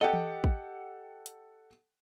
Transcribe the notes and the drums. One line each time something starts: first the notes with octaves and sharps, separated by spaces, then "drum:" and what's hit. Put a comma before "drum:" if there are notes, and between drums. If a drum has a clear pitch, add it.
G4 A4 D#5 F#5 G5
drum: tom E3
drum: kick
drum: hi-hat